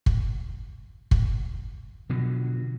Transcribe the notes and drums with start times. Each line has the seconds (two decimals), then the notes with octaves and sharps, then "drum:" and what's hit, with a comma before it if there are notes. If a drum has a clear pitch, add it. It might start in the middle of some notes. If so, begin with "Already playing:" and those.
0.06 drum: kick
1.11 drum: kick
2.10 B2 D3 F3 F#3